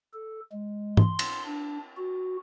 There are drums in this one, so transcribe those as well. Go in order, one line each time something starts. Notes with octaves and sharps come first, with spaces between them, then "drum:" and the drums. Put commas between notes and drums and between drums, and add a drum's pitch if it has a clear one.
A4
G#3
C6, drum: tom G#2
drum: cymbal
D4
F#4